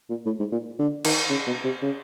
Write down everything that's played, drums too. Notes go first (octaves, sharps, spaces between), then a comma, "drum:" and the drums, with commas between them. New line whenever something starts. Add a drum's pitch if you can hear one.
A#2
A2
G#2
A#2
D3
D#3, drum: cymbal
C#3
B2
C3
C#3